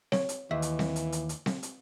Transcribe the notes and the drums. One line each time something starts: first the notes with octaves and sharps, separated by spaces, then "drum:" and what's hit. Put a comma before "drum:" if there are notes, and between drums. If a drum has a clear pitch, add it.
C#5, drum: snare C4
drum: hi-hat
D#2 E3 E5
drum: hi-hat
drum: snare C4
drum: hi-hat
drum: hi-hat
drum: hi-hat
drum: snare C4
drum: hi-hat